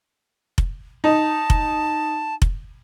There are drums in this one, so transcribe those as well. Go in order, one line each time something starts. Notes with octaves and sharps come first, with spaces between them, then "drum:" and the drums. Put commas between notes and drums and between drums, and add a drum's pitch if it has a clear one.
drum: kick F1
D#4 A5
drum: kick F1
drum: kick F1